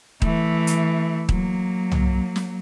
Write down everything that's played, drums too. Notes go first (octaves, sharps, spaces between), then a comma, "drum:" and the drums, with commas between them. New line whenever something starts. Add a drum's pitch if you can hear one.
E3 A3, drum: kick D#1
drum: hi-hat
F#3 A#3, drum: kick D#1
drum: tom C2
drum: snare